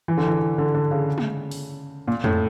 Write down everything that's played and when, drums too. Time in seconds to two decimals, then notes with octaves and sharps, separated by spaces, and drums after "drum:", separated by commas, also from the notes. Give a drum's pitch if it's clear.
0.08 E3
0.17 D3
0.27 E3
0.58 D3
0.75 D3
0.91 C#3
1.18 drum: tom G#3
1.51 drum: open hi-hat
2.08 A#2
2.24 A2, drum: tom F2